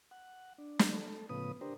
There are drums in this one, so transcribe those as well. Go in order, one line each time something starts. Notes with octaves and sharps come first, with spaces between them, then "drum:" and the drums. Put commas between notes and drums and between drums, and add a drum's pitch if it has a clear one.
F#5
D4
drum: snare
A4
A2 C#3 F3 B3 B4 D#6
D4 G4 A#4 C5